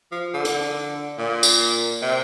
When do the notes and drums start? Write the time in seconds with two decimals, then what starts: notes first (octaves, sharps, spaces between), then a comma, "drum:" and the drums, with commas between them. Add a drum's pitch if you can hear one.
0.12 F3
0.34 D3
0.45 drum: hi-hat
1.18 A#2
1.43 drum: tambourine
2.02 C3